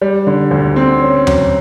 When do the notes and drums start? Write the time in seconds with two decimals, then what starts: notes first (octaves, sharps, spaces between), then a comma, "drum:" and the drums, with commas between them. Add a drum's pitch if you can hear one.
0.01 G3
0.27 D3
0.51 D2
0.76 C4
1.02 C#4
1.27 F#3, drum: tom D#2